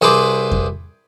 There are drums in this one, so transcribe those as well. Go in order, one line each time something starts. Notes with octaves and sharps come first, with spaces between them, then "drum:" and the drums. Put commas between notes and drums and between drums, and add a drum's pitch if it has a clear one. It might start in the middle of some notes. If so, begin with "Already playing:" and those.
C2 G#4 B4 C5 B5 D6
drum: kick F2